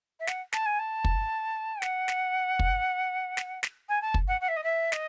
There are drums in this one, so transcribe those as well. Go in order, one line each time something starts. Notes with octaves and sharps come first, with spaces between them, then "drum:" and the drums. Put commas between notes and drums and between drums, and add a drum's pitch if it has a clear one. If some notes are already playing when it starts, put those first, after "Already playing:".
E5
F#5, drum: snare
A5, drum: snare
G#5
A5
drum: kick
F#5, drum: snare
drum: snare
drum: kick
drum: snare
drum: snare
G#5
A5
drum: kick
F#5
F#5
E5
D#5
E5
D#5, drum: snare